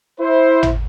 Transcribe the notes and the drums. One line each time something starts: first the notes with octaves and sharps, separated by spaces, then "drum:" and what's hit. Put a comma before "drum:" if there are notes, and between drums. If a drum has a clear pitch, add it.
E4 C5
drum: tom